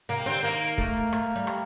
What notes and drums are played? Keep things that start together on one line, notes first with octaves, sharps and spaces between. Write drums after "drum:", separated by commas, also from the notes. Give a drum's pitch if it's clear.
C3 A#3
D3 C4
D#3 A#3
A3, drum: kick
A3, drum: rim click
G3
drum: rim click